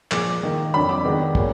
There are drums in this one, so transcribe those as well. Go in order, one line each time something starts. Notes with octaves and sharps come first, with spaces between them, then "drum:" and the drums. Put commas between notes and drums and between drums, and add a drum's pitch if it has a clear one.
A#2 F3 G#3 D6, drum: clap
D#3 A#3 D#4
F2 D3 F#3 D4 B5
D6
D#3 G#3 B3 D4
A#2 F#3 A#3, drum: kick